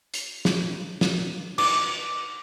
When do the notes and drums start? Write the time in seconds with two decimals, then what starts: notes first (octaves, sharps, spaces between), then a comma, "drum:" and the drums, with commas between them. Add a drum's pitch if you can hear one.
0.14 drum: hi-hat
0.45 drum: snare
1.01 drum: snare
1.58 D6, drum: cymbal